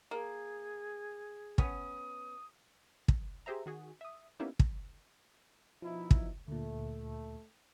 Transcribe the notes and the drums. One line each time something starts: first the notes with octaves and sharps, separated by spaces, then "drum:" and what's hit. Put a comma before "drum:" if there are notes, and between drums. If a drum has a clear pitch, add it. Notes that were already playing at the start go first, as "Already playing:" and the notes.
A#3 G#4
B3 C#4 D#6, drum: kick
drum: kick
G4 G#4 C5 E5 A#5
D#3 F#4 G#4
E5 D#6
A#3 B3 C#4 D#4 E4 G4
drum: kick
B2 F3 D#4 E4
drum: kick
D2 A#2 A3